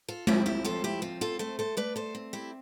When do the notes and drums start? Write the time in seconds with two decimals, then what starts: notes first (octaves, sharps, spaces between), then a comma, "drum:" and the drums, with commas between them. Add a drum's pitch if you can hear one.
0.08 F4 A4
0.27 C4 E4 G4, drum: tom G#3
0.46 E4 G4
0.65 F3 F4 A4
0.84 E4 G4
1.02 C4 F4
1.21 F4 A4
1.39 A3 A4 C5
1.59 A4 C5
1.77 A3 B4 D5
1.96 A4 C5
2.15 C4
2.33 E4 G4